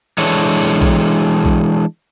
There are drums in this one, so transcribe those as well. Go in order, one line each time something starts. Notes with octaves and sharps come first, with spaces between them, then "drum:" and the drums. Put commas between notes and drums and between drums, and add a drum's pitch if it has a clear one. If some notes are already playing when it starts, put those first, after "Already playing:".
E3 G#3 D4 A4 C#5
drum: kick A#1
drum: kick A#1